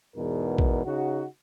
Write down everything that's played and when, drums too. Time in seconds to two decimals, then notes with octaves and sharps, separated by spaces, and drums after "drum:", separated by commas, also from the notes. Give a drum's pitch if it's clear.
0.15 E2 G#2 B2 A#4
0.58 drum: kick
0.84 C#3 D#4 F#4